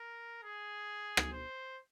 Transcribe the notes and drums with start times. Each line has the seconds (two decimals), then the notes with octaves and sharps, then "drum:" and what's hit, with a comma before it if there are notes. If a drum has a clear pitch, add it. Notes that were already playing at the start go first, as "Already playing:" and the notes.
Already playing: A#4
0.43 G#4
1.17 drum: rim click
1.32 C5